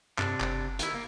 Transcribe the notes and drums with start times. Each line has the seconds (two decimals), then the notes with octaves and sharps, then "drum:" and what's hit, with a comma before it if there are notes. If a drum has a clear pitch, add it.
0.19 G2 C3 D4, drum: clap
0.40 F#1, drum: clap
0.79 D#3 E4, drum: hi-hat
0.94 A#3